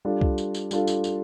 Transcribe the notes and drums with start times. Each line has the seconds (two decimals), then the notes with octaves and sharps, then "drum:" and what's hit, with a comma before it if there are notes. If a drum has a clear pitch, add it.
0.05 G3 D4 F4 A4
0.21 drum: kick C2
0.38 drum: tambourine
0.54 drum: tambourine
0.71 G3 D4 F4 A4, drum: tambourine
0.87 drum: tambourine
1.04 drum: tambourine